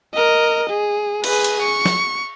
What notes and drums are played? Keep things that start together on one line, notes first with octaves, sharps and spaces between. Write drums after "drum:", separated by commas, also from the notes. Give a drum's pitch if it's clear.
A#4 D#5
G#4
G#4 B4, drum: cymbal
drum: hi-hat
C#6
drum: snare